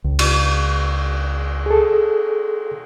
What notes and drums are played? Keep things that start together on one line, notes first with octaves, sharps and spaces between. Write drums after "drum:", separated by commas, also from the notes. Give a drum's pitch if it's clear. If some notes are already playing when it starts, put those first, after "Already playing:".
C#2
drum: cymbal
G#4 A4